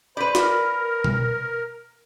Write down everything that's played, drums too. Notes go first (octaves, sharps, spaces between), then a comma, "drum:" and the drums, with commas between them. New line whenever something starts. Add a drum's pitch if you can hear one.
B4 C5 D5 B5
A#4, drum: snare
drum: tom B2